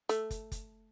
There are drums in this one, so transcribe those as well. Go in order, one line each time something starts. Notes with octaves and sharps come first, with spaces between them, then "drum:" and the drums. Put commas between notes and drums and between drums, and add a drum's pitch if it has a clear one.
A3, drum: hi-hat
drum: kick, hi-hat
drum: kick, hi-hat